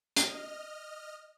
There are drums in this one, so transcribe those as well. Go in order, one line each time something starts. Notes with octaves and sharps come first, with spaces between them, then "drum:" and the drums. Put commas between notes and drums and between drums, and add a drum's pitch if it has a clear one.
D#5 F6, drum: hi-hat